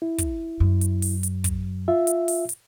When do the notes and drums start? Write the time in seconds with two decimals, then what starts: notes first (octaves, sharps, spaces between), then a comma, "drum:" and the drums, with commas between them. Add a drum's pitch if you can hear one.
0.02 E4
0.18 drum: kick, hi-hat
0.60 F#2
0.81 drum: hi-hat
1.02 drum: open hi-hat
1.23 drum: hi-hat
1.44 drum: kick, hi-hat
1.88 F4 E5
2.07 drum: hi-hat
2.28 drum: open hi-hat
2.49 drum: hi-hat